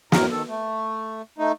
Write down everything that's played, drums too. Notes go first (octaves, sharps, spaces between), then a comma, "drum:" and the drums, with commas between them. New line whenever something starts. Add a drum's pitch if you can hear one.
F#2 A2 A#4, drum: snare
D#3 A4
A3
A3 D#4